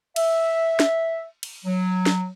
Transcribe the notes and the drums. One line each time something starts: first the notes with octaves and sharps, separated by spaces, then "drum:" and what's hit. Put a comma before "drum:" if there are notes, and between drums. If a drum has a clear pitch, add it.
E5, drum: cymbal
drum: snare
drum: cymbal
F#3
drum: snare